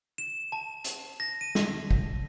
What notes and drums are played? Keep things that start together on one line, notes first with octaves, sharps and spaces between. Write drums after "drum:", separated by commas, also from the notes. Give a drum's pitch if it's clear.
E7
A5
drum: hi-hat
A#6
D#7
drum: snare
drum: kick